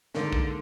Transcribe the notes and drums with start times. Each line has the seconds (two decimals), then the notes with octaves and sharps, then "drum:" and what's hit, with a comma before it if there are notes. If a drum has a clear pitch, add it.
0.15 G#2 D3 D#3 A#3, drum: snare
0.33 drum: kick